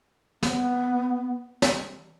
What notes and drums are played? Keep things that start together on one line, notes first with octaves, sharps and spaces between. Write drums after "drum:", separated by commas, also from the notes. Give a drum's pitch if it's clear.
B3, drum: snare
drum: snare